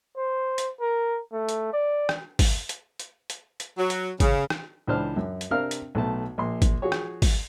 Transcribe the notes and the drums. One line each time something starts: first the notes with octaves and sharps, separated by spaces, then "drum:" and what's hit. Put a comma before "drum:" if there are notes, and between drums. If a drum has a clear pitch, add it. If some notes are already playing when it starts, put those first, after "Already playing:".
C5
drum: hi-hat
A#4
A3
drum: hi-hat
D5
drum: rim click
drum: kick, open hi-hat
drum: hi-hat
drum: hi-hat
drum: hi-hat
drum: hi-hat
F#3
drum: hi-hat
C#3, drum: kick, hi-hat
drum: rim click
C#2 E3 D4 C5 A5 F6
F#2
drum: hi-hat
C3 C4 D4 A#4 F5 F6
drum: hi-hat
B1 A3 A5
A#1 C6
drum: kick, hi-hat
F3 F#4 G#4 C#5
drum: rim click
drum: kick, open hi-hat